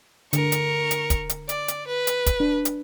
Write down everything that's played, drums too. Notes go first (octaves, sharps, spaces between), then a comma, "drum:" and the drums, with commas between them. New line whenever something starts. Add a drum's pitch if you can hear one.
D3 A#4 C#6, drum: hi-hat
drum: hi-hat
drum: hi-hat
drum: kick, hi-hat
drum: hi-hat
D5, drum: hi-hat
drum: hi-hat
B4
drum: hi-hat
drum: kick, hi-hat
D4
drum: hi-hat